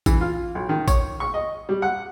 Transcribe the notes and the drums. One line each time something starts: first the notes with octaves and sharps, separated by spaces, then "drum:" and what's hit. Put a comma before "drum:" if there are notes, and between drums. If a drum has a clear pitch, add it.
E3, drum: kick A1, tambourine
F4
B1
D#3
C#5, drum: kick A1, tambourine
C#6
D#5
G3
F#5